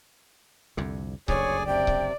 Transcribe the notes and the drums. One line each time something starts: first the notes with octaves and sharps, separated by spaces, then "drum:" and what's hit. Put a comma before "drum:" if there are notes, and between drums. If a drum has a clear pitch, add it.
C2 F2 D3
F#1 D2 G2 G#4 C#5 D5 G#5, drum: kick C#1
C3 D5 G5
drum: kick C#1